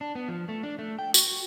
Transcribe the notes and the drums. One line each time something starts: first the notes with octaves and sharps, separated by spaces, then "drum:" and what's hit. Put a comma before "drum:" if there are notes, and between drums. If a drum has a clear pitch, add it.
D4
B3
F3
A3
D4
A3
G5
F#4, drum: tambourine